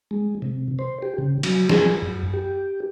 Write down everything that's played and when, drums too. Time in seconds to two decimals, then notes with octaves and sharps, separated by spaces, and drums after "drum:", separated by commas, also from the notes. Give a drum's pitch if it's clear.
0.11 G#3
0.42 C3
0.79 C5
1.02 G4
1.18 C#3
1.43 F#3, drum: cymbal
1.69 G#4, drum: snare
2.02 F#2
2.34 G4